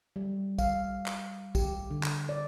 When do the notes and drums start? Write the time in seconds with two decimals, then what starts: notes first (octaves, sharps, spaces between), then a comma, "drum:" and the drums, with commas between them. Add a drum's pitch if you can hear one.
0.16 G3
0.59 F5, drum: kick, tambourine
1.06 drum: clap
1.55 G4, drum: kick, tambourine
1.91 D3
2.03 drum: clap
2.29 D5